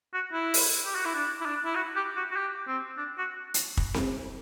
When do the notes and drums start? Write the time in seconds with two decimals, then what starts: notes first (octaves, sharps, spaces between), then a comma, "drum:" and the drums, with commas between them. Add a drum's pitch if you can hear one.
0.14 F#4
0.33 E4
0.54 drum: open hi-hat
0.86 G4
0.95 F#4
1.05 E4
1.15 D4
1.41 E4
1.46 D4
1.65 E4
1.75 F#4
1.96 G4
2.17 F#4
2.32 F#4
2.36 G4
2.68 C4
2.97 D4
3.18 F#4
3.54 drum: hi-hat
3.77 drum: kick
3.94 drum: snare C4